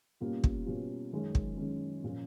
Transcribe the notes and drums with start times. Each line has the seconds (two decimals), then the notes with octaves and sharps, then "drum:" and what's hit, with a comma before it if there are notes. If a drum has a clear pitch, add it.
0.20 B2 G3 A#3 C#4 F4
0.44 drum: kick
0.66 B2 G3 A#3 C#4 F4
1.12 F#2 D#3 G#3 C#4
1.35 drum: kick
1.57 F#2 D#3 G#3 C#4
2.04 A#2 F3 A#3 C#4